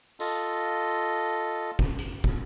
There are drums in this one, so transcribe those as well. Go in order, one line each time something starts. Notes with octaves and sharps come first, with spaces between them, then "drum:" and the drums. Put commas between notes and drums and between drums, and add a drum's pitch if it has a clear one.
F4 A4 D#5, drum: tambourine
drum: kick
drum: hi-hat
drum: kick